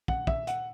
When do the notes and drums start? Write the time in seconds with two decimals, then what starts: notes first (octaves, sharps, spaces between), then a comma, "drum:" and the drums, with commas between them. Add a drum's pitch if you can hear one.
0.08 F#5, drum: kick
0.27 E5, drum: kick
0.47 F#5, drum: hi-hat